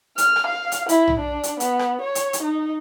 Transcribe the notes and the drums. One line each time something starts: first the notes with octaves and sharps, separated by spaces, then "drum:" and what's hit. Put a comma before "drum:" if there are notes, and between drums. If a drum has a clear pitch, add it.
F6, drum: hi-hat
drum: rim click
F5
drum: hi-hat
E4, drum: hi-hat
drum: tom
D4
drum: hi-hat
B3, drum: hi-hat
drum: rim click
C#5
drum: hi-hat
drum: hi-hat
D#4